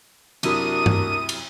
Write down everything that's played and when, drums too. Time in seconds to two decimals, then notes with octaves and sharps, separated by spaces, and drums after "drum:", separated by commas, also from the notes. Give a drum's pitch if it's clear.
0.43 F#2 C3 D4 E4 F#4 A#4 D#6 D#7, drum: cymbal
0.86 drum: tom G2
1.29 drum: cymbal